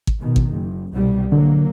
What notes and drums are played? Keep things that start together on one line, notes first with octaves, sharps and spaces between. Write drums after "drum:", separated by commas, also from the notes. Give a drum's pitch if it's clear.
drum: kick
B2 D#3
drum: kick
F#1
C2 B2 G3
D3 F#3 A#3